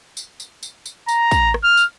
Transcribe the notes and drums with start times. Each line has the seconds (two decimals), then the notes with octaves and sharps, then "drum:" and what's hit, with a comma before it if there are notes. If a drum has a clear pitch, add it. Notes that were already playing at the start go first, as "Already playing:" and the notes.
0.17 drum: tambourine
0.40 drum: tambourine
0.63 drum: tambourine
0.86 drum: tambourine
1.08 A#5, drum: tambourine
1.31 drum: kick, tambourine
1.54 drum: rim click
1.64 F6
1.77 drum: tambourine